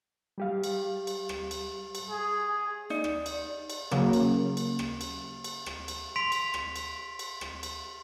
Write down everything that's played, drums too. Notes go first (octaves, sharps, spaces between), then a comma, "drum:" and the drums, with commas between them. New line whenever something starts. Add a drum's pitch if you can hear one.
G3 G4 F5
drum: cymbal
drum: cymbal
drum: rim click
drum: cymbal
drum: cymbal
G#4
D#4 D5
drum: rim click
drum: cymbal
drum: cymbal
C#3 F#3 A#3, drum: rim click
drum: cymbal
drum: cymbal
drum: rim click
drum: cymbal
drum: cymbal
drum: rim click
drum: cymbal
C6 B6 D7 F7
drum: cymbal
drum: rim click
drum: cymbal
drum: cymbal
drum: rim click
drum: cymbal